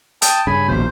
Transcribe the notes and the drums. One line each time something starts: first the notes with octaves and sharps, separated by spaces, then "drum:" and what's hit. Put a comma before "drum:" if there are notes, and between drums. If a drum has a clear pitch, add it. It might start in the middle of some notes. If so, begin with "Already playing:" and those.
G5 A5 D#6, drum: hi-hat
G2 C#3 G#5 B5
A#1 D#2 B2 C5